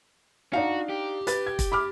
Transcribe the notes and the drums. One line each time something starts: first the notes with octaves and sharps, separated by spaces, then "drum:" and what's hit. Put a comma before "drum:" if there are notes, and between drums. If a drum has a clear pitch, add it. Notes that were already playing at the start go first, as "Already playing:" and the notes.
D4 D#4 F#4 F5
G4
B4 A6, drum: hi-hat
G#6
drum: kick, hi-hat
B5 D6 F6